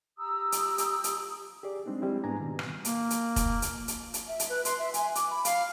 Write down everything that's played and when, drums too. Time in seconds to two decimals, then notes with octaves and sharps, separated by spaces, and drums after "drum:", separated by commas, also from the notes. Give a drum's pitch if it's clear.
0.18 G4 A#5 D#6 E6
0.52 drum: hi-hat
0.78 drum: hi-hat
1.04 drum: hi-hat
1.63 G4 G#4 D5
1.86 G3 G#3 C4 D4 D#4
2.02 G3 G#3 C4 E4
2.24 G#2 G#3 B3 D4 G#5 A#5
2.40 B2 D#3
2.59 drum: rim click
2.85 A#3, drum: hi-hat
3.10 drum: hi-hat
3.36 drum: kick, hi-hat
3.62 drum: hi-hat
3.88 drum: hi-hat
4.14 drum: hi-hat
4.28 E5
4.40 drum: hi-hat
4.49 B4
4.65 C6, drum: hi-hat
4.79 E5
4.94 G#5, drum: hi-hat
5.15 D6, drum: hi-hat
5.31 B5
5.45 F5, drum: hi-hat